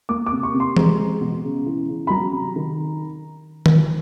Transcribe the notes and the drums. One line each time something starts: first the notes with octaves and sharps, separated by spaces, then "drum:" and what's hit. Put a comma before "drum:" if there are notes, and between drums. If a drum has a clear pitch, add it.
A#3 D6
D6
C3
C#6
C3
C6
G#3 A#5, drum: tom E3
G#3
B2
C#3
E3
C#3
B5
F#3 A#5
C3
D#3
drum: tom D#3